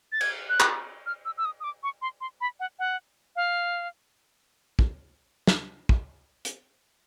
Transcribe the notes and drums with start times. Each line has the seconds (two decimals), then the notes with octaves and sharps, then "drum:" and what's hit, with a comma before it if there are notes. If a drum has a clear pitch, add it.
0.12 A6
0.21 G#6, drum: cymbal
0.49 F#6
0.60 drum: clap
1.06 F6
1.25 E6
1.37 E6
1.45 D#6
1.60 D#6
1.64 D6
1.83 C#6
2.02 C6
2.21 C6
2.41 B5
2.60 F#5
2.79 F#5
3.36 F5
4.79 drum: kick
5.47 drum: snare
5.89 drum: kick
6.45 drum: hi-hat